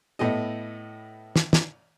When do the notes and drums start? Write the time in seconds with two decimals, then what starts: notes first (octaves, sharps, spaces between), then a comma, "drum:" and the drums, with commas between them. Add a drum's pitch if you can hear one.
0.19 A2 B3 A4 D#5
1.36 drum: snare
1.53 drum: snare